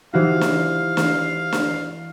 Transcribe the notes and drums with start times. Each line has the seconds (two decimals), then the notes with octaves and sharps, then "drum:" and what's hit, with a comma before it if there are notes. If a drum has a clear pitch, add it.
0.14 E3 D#4 E4 F#4 G4 C5 F5
0.41 drum: snare
0.97 drum: snare
1.53 drum: snare